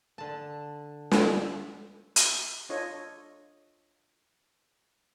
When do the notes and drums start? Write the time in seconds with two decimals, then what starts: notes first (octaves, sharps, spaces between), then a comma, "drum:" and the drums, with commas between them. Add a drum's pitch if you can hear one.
0.18 D3 A5
1.11 drum: snare
2.16 drum: hi-hat
2.69 D4 F4 A4 C#5 D#5